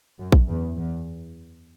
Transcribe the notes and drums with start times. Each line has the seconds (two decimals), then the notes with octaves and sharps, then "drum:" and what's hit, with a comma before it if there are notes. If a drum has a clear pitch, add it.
0.19 F#2
0.32 drum: kick A#1
0.48 E2
0.77 E2